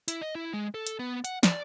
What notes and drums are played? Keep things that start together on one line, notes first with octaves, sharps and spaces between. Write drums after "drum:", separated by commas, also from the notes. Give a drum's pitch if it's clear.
E4, drum: hi-hat
D#5
E4
G#3
A4
drum: hi-hat
B3
F#5, drum: hi-hat
D5, drum: snare